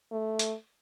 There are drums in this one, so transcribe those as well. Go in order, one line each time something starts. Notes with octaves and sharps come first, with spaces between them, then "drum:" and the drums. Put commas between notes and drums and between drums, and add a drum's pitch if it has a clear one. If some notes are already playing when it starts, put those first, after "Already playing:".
A3
drum: hi-hat